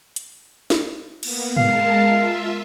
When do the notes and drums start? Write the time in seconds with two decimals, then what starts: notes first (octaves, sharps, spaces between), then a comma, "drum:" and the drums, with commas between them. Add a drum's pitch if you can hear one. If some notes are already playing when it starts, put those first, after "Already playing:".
0.16 drum: hi-hat
0.70 drum: snare
1.23 A#3 B3, drum: cymbal
1.57 G#3 A#4 F5 A5, drum: tom G#2
2.02 F4 E5